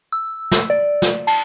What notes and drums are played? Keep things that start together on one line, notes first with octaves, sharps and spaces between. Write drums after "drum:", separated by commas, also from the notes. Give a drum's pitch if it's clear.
E6
drum: snare
D5
drum: snare
A5, drum: cymbal